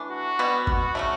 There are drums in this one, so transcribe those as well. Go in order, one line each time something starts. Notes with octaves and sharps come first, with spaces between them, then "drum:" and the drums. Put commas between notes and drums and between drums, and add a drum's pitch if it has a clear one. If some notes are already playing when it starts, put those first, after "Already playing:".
Already playing: E3 A3 D4
F#4
B2 G3 B3
F#4, drum: kick G1
C#3 F#3 A3